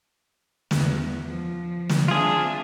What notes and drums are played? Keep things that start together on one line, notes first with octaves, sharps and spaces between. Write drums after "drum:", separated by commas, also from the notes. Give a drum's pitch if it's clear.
E2, drum: snare
F3
drum: snare
C4 D4 F4 G#4 E5